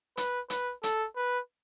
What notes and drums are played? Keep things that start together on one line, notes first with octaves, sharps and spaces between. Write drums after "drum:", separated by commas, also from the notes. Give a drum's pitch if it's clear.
B4, drum: hi-hat
B4, drum: hi-hat
A4, drum: hi-hat
B4